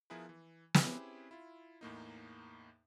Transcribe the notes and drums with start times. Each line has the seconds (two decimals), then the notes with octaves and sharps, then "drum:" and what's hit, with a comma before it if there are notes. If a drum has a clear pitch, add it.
0.10 F3 B3 E4 G#4 A#4 B4
0.29 E3
0.75 C4 C#4 E4 G4 G#4 B4, drum: snare
1.31 E4 F4
1.81 E2 A2 A#3 D#4